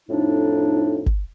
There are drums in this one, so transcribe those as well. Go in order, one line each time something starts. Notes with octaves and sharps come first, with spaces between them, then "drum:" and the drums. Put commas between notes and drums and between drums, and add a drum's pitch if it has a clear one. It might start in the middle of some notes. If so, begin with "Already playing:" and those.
F2 A2 D4 D#4
drum: kick G1